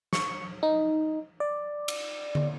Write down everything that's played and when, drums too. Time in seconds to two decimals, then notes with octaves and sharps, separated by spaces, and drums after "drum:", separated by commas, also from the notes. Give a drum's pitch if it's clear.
0.13 C#6, drum: snare
0.63 D#4
1.40 D5
1.88 drum: cymbal
2.35 drum: tom D3